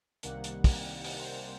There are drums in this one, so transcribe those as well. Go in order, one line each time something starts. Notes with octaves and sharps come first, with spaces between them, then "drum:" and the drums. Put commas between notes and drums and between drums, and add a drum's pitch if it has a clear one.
C2 C3 D#3 G3 A#3 F#5, drum: hi-hat
drum: hi-hat
G5, drum: kick, open hi-hat
G5
F#5, drum: open hi-hat
C5